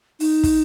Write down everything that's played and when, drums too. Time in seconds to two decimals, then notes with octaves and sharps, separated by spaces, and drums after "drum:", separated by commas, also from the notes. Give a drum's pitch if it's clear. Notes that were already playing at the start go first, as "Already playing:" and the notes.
0.20 D#4, drum: open hi-hat
0.44 drum: kick, open hi-hat